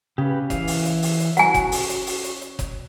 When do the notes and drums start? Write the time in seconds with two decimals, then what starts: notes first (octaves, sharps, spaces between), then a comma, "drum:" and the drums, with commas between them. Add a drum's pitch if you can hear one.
0.18 C#3 G4 B4
0.50 E3 F5, drum: kick F#1, hi-hat
0.67 drum: open hi-hat
0.85 drum: hi-hat
1.02 drum: open hi-hat
1.20 drum: hi-hat
1.37 F#4 F#5 G#5, drum: hi-hat
1.54 drum: kick F#1, hi-hat
1.72 drum: open hi-hat
1.89 drum: hi-hat
2.07 drum: open hi-hat
2.24 drum: hi-hat
2.41 drum: hi-hat
2.59 drum: kick F#1, hi-hat